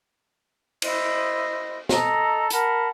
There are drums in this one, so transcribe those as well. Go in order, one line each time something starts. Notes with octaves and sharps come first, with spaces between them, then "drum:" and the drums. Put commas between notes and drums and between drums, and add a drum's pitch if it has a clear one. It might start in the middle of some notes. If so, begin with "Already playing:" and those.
E4 C5 D#5, drum: cymbal
A4 D#5 A#5, drum: snare
A#4 F#5 A5 B5, drum: hi-hat